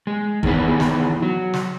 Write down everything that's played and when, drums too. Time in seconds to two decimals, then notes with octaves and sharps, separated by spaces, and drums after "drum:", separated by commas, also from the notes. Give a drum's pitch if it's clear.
0.07 G#3
0.43 D#3 E3 B3 G#4, drum: kick
0.80 drum: snare
1.22 F#3
1.53 drum: snare